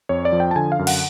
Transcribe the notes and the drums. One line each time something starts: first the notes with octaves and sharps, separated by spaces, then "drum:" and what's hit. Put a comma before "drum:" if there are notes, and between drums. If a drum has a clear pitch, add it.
F2 C#5
D5
F3
G5
A5
D3 G#5
F5
F#2
F#5, drum: cymbal